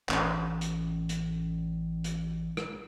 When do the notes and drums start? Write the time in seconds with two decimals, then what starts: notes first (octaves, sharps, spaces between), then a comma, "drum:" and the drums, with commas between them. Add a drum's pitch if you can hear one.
0.09 A1 A2 C#4, drum: clap
0.61 drum: hi-hat
1.09 drum: hi-hat
2.04 drum: hi-hat
2.57 drum: rim click